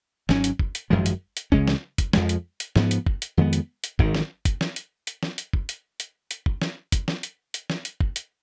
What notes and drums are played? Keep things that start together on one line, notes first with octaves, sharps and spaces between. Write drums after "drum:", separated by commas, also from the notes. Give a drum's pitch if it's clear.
G#1 G#2 F#3 C#4, drum: snare
drum: hi-hat
drum: kick
drum: hi-hat
G#1 F#2 F3 G#3
drum: hi-hat
drum: hi-hat
C#2 C#3 G#3 C#4, drum: kick
drum: snare
drum: kick, hi-hat
F2 F3 G#3, drum: snare
drum: hi-hat
drum: hi-hat
G#2 F3 B3, drum: snare
drum: hi-hat
drum: kick
drum: hi-hat
F2 D#3 G#3 B3
drum: hi-hat
drum: hi-hat
G#1 G#2 D#3, drum: kick
drum: snare
drum: kick, hi-hat
drum: snare
drum: hi-hat
drum: hi-hat
drum: snare
drum: hi-hat
drum: kick
drum: hi-hat
drum: hi-hat
drum: hi-hat
drum: kick
drum: snare
drum: kick, hi-hat
drum: snare
drum: hi-hat
drum: hi-hat
drum: snare
drum: hi-hat
drum: kick
drum: hi-hat